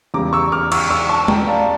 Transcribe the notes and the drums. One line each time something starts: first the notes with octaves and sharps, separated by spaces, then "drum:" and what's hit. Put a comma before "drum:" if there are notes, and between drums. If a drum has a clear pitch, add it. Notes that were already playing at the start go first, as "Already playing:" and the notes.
E2 C#3 G3 A#5 D6
C#6 E6
D6 F6
C#6 E6, drum: cymbal
C#6 E6
A5 C#6
G5 A#5, drum: tom G#3
D5 F5